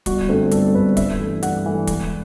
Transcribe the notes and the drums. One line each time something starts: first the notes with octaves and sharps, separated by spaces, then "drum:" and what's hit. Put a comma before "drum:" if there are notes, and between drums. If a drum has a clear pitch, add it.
G1 F#4, drum: kick, hi-hat
G2 D3 A3 C4
G1 A4, drum: hi-hat
G2 D3 A3 C4 B4
G2 E5, drum: kick, hi-hat
E3 A3
G2 F#5, drum: hi-hat
E3 A3
E1, drum: kick, hi-hat